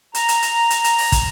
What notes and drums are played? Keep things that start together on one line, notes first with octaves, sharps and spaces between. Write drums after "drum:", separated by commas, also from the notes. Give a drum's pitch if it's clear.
A#5, drum: hi-hat
drum: hi-hat
drum: hi-hat
drum: hi-hat
drum: hi-hat
drum: open hi-hat
drum: kick, hi-hat